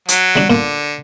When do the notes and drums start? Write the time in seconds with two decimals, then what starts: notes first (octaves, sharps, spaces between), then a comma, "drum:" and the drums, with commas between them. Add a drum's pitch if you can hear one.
0.09 F#3, drum: hi-hat
0.36 G3 D4
0.50 A#2 D3